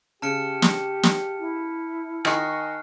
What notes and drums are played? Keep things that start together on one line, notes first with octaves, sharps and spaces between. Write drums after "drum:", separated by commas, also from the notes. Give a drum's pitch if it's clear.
C#3 G4 A5 F6 C#7
drum: snare
drum: snare
E4
D#3 D#5 G#5 C#6 F6 F#6 C7, drum: rim click